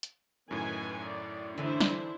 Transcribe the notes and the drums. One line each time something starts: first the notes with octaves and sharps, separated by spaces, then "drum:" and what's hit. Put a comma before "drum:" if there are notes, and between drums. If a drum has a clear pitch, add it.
drum: hi-hat
F#2 A2 D#3 B4 G#5
D5
D3 E3 D4 E4 C5
drum: snare